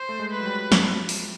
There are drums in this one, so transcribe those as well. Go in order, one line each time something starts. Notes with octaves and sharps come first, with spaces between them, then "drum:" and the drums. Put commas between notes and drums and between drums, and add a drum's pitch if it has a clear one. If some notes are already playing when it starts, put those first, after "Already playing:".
Already playing: C5
A3
G#3
B4
F#3
G3
F3, drum: snare
drum: open hi-hat